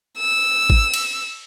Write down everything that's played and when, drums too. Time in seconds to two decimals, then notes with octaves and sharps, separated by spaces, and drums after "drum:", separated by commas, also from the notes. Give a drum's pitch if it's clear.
0.19 E6
0.70 drum: kick G#1
0.94 drum: cymbal